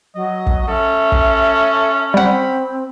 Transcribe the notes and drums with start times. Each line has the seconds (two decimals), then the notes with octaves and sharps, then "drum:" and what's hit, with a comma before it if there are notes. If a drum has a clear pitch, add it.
0.15 F#3 D#5
0.47 drum: kick
0.68 C#4 A4 E5
1.12 drum: kick
2.14 G3 C4 F#5 B5